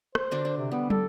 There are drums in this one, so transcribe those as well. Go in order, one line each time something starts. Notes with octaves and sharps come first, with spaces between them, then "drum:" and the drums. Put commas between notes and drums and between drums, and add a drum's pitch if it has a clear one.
C5, drum: rim click
D3 D4 F#4
D4
C3
G3 B3
A4, drum: tom